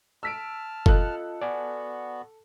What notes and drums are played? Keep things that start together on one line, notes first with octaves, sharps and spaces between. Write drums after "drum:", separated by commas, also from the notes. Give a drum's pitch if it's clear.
A5 E6 F6 B6 D7
F4 A4 D#5 F#6, drum: kick F#1
B3 F#4 D5 G#5